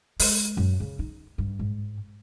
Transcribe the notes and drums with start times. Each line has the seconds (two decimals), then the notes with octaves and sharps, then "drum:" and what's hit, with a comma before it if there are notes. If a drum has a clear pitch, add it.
0.19 G#3, drum: open hi-hat
0.57 F#2
0.80 C#3
0.99 D#4
1.38 G2
1.59 G#2